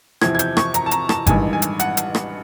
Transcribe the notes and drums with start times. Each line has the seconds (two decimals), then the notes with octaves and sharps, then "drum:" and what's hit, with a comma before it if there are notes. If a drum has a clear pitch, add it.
0.21 E2 C3 F3 G#6, drum: rim click
0.35 G#6
0.39 G6, drum: hi-hat
0.57 C#6, drum: rim click
0.74 A#5, drum: hi-hat
0.86 A5
0.91 A#5, drum: hi-hat
1.09 A5, drum: rim click
1.27 A1 G2 D#3 G#3 G#5, drum: kick G#1, hi-hat
1.53 G#5
1.62 drum: hi-hat
1.80 F#5, drum: hi-hat
1.97 drum: hi-hat
2.15 drum: rim click